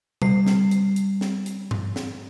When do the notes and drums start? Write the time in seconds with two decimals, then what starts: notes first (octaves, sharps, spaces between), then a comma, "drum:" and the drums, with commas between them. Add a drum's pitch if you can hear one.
0.22 G3 C7, drum: tom B2
0.47 drum: snare
0.71 drum: hi-hat
0.96 drum: hi-hat
1.21 drum: snare
1.46 drum: hi-hat
1.71 drum: tom G2
1.96 drum: snare